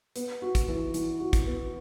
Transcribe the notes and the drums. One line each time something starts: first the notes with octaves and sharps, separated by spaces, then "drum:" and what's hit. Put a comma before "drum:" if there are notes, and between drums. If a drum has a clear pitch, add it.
B3, drum: hi-hat
F#4
drum: kick, hi-hat
E3
E3, drum: hi-hat
F#4
drum: kick, hi-hat
B3